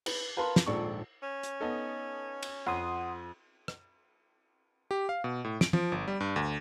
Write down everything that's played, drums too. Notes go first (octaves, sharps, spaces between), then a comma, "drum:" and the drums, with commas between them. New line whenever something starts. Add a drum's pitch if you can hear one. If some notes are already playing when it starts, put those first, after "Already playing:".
B4, drum: cymbal
A#4 B4 F5 A5 B5 C6
drum: snare
D#1 A#1 G#2 A4 D5 C#6
C#4
drum: hi-hat
B3 D#4 A4
drum: cymbal
F2 F#5 C6 D#6
drum: rim click
G4
F5
B2
A2
D7, drum: snare
F3, drum: tom
G1
G3
G2
D2